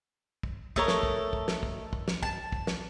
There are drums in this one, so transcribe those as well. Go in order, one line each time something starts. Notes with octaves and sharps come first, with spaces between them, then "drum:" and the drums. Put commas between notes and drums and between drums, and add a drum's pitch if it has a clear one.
drum: kick
A3 A4 A#4 C#5 D#5, drum: kick
drum: snare
drum: kick
drum: kick
drum: snare
drum: kick
drum: kick
drum: snare
A5, drum: kick
drum: kick
drum: snare